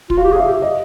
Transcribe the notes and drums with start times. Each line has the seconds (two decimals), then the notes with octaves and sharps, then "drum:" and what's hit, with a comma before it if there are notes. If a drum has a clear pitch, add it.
0.10 F4, drum: kick
0.17 F#4 F5
0.24 G4
0.32 G#4
0.36 F5
0.40 E5
0.47 G4
0.62 D#5